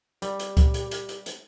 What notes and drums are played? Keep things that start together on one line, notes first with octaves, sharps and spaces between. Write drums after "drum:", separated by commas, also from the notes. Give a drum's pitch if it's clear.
G3 G4, drum: hi-hat
drum: hi-hat
drum: kick, hi-hat
drum: hi-hat
drum: hi-hat
drum: hi-hat
drum: hi-hat